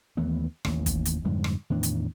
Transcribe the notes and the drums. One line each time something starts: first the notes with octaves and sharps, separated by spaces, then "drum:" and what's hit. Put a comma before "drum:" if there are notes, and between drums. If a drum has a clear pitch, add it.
D#2 E3 A3 B3
A1 D#2, drum: rim click
drum: kick, hi-hat
drum: hi-hat
F2 G#2 D3 G3
drum: rim click
E2 A2 D#3 D4
drum: hi-hat